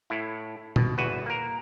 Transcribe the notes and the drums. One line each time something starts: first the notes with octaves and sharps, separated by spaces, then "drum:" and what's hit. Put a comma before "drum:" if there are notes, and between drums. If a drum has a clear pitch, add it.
A2 E4
B2, drum: tom A#2
G1 E2 F#4 B4
A#3 A#4